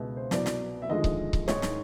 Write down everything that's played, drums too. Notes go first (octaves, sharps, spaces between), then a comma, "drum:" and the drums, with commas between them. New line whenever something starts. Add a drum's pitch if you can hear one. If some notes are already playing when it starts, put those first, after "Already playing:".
Already playing: C#2 B2 G#3 E5
C5
C2 B2 F#3 B3 D5, drum: snare
drum: snare
E5
D#2 D3 F3 G#3 D#5
drum: kick C#1
drum: kick C#1
G#2 D#3 G#3 C#5, drum: snare
drum: snare